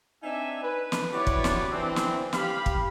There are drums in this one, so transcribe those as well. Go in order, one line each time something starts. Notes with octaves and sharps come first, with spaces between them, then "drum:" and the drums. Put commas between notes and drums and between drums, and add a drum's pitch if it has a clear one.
C4 D4 D#4 E5 G#5
B4
drum: snare
E4 F#4 G4 B4 C#5 D5
drum: kick
drum: snare
E3 C4 D4
drum: snare
G4 F5 B5, drum: snare
drum: kick